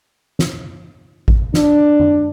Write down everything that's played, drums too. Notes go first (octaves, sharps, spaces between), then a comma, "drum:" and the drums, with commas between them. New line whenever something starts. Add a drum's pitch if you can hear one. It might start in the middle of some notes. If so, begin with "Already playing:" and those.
drum: snare
drum: kick A1
D4, drum: snare
drum: tom